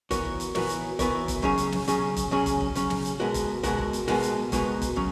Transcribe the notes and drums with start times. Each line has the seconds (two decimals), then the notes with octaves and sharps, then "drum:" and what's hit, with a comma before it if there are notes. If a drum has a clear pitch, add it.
0.11 E3 B3 F#4 A#4 C#5, drum: kick, hi-hat
0.25 drum: kick
0.40 drum: hi-hat
0.55 E3 B3 F#4 A#4 C#5, drum: snare
0.69 drum: hi-hat
0.99 E3 B3 F#4 A#4 C#5, drum: kick, hi-hat
1.28 drum: kick, hi-hat
1.42 C#3 F#3 C#4 G#4, drum: kick
1.58 drum: hi-hat
1.72 drum: snare
1.88 C#3 F#3 C#4 G#4, drum: hi-hat
2.16 drum: kick, hi-hat
2.31 C#3 F#3 C#4 G#4
2.46 drum: kick, hi-hat
2.61 drum: kick
2.75 C#3 F#3 C#4 G#4, drum: hi-hat
2.90 drum: snare
3.05 drum: hi-hat
3.20 B2 G#3 B3 F#4 A#4
3.34 drum: kick, hi-hat
3.63 B2 G#3 B3 F#4 A#4, drum: kick, hi-hat
3.78 drum: kick
3.93 drum: hi-hat
4.08 B2 G#3 B3 F#4 A#4, drum: snare
4.23 drum: hi-hat
4.52 B2 G#3 B3 F#4 A#4, drum: kick, hi-hat
4.82 drum: kick, hi-hat
4.96 C#3 F#3 C#4, drum: kick